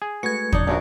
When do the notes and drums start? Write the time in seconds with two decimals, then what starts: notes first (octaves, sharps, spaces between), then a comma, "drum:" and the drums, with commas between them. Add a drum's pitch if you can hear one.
0.02 G#4
0.23 G#3 A3 F#4 B4 G#6 C#7
0.52 A2 C#3 F#3 D4 D#4, drum: kick
0.67 A#1 F#2 D4 F#4 A#4